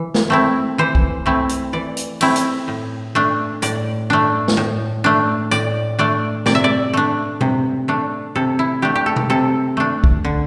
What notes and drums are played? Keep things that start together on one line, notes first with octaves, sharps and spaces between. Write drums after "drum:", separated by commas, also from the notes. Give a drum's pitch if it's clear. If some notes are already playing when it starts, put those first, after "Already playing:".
Already playing: E3
drum: snare
A3 C4 E4
E3 C5
drum: kick C2
A3 C4 E4
drum: hi-hat
E3 D5
drum: hi-hat
A3 C4 E4, drum: cymbal
drum: hi-hat
A2
A3 D4
A2 D5, drum: hi-hat
A3 D4
drum: snare
A2
A3 D4
A2 D5, drum: tambourine
A3 D4 D5
C3 D5, drum: snare
E5
D5
A3 D4
C3, drum: tom B2
A3 D4
C3 A4
E4
A3 D4 G4
G4
A4
drum: tom B2
C3 A4
A3 D4
drum: kick C2
D3